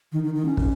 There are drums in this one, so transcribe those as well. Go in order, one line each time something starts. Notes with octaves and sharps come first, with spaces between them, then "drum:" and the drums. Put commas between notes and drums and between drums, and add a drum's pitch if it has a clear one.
D#3
D#3
D#3
C#4
drum: kick